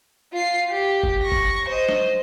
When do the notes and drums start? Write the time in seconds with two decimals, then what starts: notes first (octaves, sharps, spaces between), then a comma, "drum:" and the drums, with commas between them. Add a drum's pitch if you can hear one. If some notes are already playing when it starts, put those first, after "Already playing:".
0.33 F4 C7
0.70 G4
1.03 drum: kick
1.22 C#6 A#6
1.32 drum: kick
1.68 C5 D#5
1.89 drum: snare